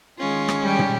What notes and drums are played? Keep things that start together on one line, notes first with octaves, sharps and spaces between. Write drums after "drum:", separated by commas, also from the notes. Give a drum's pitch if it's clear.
D#3 G#3 C#4 F4
drum: rim click
G3 G4
drum: tom